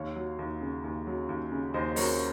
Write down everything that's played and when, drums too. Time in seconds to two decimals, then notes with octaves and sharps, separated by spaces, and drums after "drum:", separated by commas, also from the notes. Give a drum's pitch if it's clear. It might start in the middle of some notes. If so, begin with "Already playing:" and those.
Already playing: D#2 C#5 F5
0.15 F#3
0.39 D#2
0.61 C#3
0.84 D#2
1.07 F#3
1.29 D#2
1.52 C#3
1.74 D#2 C5 D#5
1.96 F#3 A#4 C#5, drum: open hi-hat